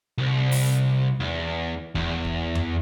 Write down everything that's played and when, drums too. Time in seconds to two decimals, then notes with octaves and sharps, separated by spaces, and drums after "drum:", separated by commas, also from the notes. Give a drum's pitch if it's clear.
0.18 C2
0.52 drum: open hi-hat
1.20 E2
1.95 E2, drum: kick
2.25 drum: kick
2.55 drum: tom F2